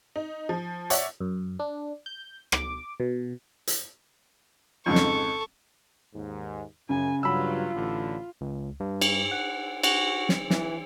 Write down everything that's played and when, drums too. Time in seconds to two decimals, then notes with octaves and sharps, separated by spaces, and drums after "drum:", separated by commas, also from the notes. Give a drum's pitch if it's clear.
0.16 D#4
0.49 F3
0.90 C#5 D5 E5 F#5, drum: hi-hat
1.21 F#2
1.59 D4
2.06 G6
2.52 D6, drum: rim click
3.00 B2
3.67 drum: hi-hat
4.86 F2 G#2 C#3 A4 C#6
4.95 drum: snare
6.15 D#2 G#2
6.89 F#2 C#3 G#5
7.23 G2 C#3 F#3 F4 B5 E6
7.74 A1 D3
8.41 C#2
8.80 G2
9.01 drum: cymbal
9.31 F#5
9.83 F#4, drum: cymbal
10.29 drum: snare
10.50 E3, drum: snare